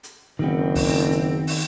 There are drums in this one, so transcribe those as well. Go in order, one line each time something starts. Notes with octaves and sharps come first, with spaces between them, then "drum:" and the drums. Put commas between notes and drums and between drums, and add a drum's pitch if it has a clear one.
drum: hi-hat
F#1 D#3 B3 C4
drum: kick, open hi-hat
drum: hi-hat
drum: open hi-hat